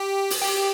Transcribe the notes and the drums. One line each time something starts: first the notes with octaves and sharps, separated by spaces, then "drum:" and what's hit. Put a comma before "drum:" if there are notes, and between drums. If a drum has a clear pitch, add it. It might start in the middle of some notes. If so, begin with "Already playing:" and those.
Already playing: G4
drum: open hi-hat
G4